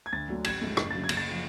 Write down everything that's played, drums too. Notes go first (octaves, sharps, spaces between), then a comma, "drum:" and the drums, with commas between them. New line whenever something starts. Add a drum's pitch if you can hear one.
G#6
D2 A6
D3 F#3 A3
A1 G#6, drum: cymbal
G#2 F3 A3
F#1, drum: rim click
F#2 D3 F#3 A6
G#6
F#1, drum: cymbal
A6
F3